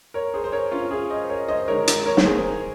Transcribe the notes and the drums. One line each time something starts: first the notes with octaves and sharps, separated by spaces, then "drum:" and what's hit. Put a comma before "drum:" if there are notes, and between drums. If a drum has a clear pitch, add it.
A#4 C#5
G#4 C5
C5
A#4 C#5
C#4 F4
F4 G#4
C5 D#5
A#4 C#5
C5 D#5
D#3 G#3 A#4 C#5
drum: hi-hat
A#4 C#5
A#4, drum: snare
G#4 C5